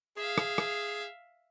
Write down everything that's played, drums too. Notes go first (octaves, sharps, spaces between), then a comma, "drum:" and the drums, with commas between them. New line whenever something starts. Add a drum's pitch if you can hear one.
G#4 E5 F5
drum: rim click
drum: rim click